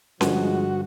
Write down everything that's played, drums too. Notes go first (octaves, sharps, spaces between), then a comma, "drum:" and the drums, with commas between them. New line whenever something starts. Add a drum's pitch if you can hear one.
G2 D3 F3 G#3 F#4, drum: snare C#4